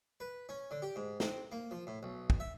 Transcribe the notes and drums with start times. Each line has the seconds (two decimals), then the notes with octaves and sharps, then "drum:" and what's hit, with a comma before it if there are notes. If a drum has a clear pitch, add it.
0.20 B4
0.49 C#4
0.71 D3
0.82 G4
0.96 G#2
1.20 C4, drum: snare
1.52 A#3
1.71 F3
1.87 A2
2.03 B1
2.30 drum: kick
2.40 E5